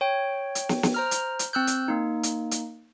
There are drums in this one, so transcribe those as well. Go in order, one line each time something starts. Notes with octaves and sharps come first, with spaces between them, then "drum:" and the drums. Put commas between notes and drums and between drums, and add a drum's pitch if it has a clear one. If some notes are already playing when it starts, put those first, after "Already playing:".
C#5 G5
drum: hi-hat
drum: snare
drum: snare
C5 A#5 F6
drum: hi-hat
drum: hi-hat
C4 E6 F#6 G6
drum: hi-hat
A#3 D#4
drum: hi-hat
drum: hi-hat